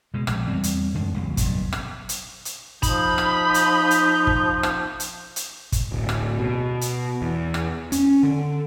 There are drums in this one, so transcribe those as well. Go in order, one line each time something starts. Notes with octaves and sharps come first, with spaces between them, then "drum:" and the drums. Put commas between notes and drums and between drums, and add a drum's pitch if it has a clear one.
B2 G#3
A#1, drum: rim click
E2 G3 C4
drum: hi-hat
F#2 D#3 G#3 D4
A1 D#2 C3 F#3
F#1 B1 G2, drum: kick, hi-hat
drum: rim click
drum: hi-hat
drum: hi-hat
F3 D#4 B5 G6, drum: kick, hi-hat
drum: rim click
drum: hi-hat
drum: hi-hat
drum: kick
drum: rim click
drum: hi-hat
drum: hi-hat
drum: kick, hi-hat
D1
drum: rim click
B2
drum: hi-hat
E2
drum: rim click
C#4, drum: hi-hat
D3